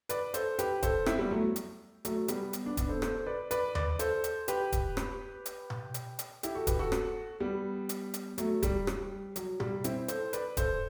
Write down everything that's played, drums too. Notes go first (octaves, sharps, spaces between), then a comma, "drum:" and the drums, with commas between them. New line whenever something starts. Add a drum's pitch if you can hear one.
B4 D5, drum: hi-hat
A4 C5, drum: hi-hat
G4 B4, drum: hi-hat
A4 C5, drum: kick D#1, hi-hat
C4 E4, drum: rim click
G3 B3
F#3 A3
drum: hi-hat
F#3 A3, drum: hi-hat
G3 B3, drum: hi-hat
drum: hi-hat
B3 D4
B3 D4, drum: kick D#1, hi-hat
A4 C5
A4 C5, drum: rim click
B4 D5
B4 D5, drum: hi-hat
B4 D5, drum: tom D#2
A4 C5, drum: hi-hat
drum: hi-hat
G4 B4, drum: hi-hat
drum: kick D#1, hi-hat
drum: rim click
drum: hi-hat
drum: tom B2
drum: hi-hat
drum: hi-hat
E4 G4, drum: hi-hat
F#4 A4
G4 B4, drum: kick D#1, hi-hat
F#4 A4
drum: rim click
G3 B3
drum: hi-hat
drum: hi-hat
F#3 A3, drum: hi-hat
G3, drum: kick D#1, hi-hat
G3, drum: rim click
F#3, drum: hi-hat
G3, drum: tom B2
C4 E4, drum: hi-hat
A4 C5, drum: hi-hat
B4 D5, drum: hi-hat
A4 C5, drum: kick D#1, hi-hat